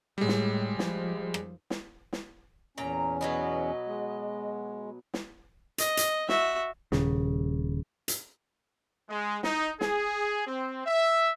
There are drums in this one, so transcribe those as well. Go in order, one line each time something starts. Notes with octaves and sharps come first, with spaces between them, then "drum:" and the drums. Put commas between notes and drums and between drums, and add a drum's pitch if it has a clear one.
A2 G3 G#3
drum: snare
F3, drum: snare
drum: rim click
drum: snare
drum: snare
E2 A#2 C#4 A#5
B2 F#3 B3 D#5
G#3
drum: snare
D#5, drum: hi-hat
drum: hi-hat
F#4 E5, drum: snare
D#1 C#3, drum: snare
drum: hi-hat
G#3
D#4, drum: snare
G#4, drum: snare
C4
E5